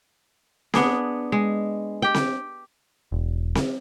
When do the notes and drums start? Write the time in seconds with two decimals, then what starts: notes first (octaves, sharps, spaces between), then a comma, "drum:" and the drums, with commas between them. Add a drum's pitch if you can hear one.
0.74 B3 D4 G#4, drum: snare C4
1.32 G#3
2.02 G4 G5
2.14 drum: snare C4
3.12 E1
3.55 drum: snare C4